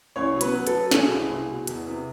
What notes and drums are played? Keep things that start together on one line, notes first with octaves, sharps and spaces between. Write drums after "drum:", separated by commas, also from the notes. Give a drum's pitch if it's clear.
C2 C#4 C#5
F#3
B3 B4, drum: hi-hat
F#3
A4, drum: hi-hat
F#3
B2 G#4, drum: snare
C2
C2
B2
E2, drum: hi-hat
C3